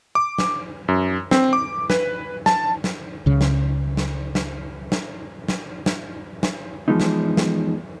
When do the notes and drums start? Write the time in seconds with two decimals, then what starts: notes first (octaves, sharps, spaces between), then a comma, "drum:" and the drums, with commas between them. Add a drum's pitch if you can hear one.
0.15 D6
0.38 drum: snare
0.88 F#2
1.31 C4, drum: snare
1.53 D6
1.90 B4, drum: snare
2.46 A5, drum: snare
2.84 drum: snare
3.26 C#2 C#3
3.41 drum: snare
3.97 drum: snare
4.35 drum: snare
4.92 drum: snare
5.48 drum: snare
5.86 drum: snare
6.43 drum: snare
6.88 E3 F3 G#3 B3 D#4
7.00 drum: snare
7.37 drum: snare